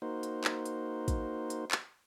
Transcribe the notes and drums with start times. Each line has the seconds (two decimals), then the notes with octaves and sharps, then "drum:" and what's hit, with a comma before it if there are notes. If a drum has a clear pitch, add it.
0.02 A#3 D#4 F#4 C5
0.23 drum: hi-hat
0.44 drum: clap
0.65 drum: hi-hat
1.08 drum: kick, hi-hat
1.50 drum: hi-hat
1.71 drum: clap